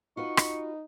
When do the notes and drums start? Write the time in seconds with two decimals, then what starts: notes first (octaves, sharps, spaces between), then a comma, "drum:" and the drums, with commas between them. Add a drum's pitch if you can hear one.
0.17 D#4 F4 F#4 B4 C#6
0.37 drum: rim click